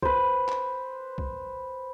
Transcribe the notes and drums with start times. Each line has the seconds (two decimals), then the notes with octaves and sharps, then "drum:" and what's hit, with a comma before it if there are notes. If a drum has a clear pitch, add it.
0.02 B4 C5, drum: kick B1
0.49 drum: clap
1.18 drum: kick B1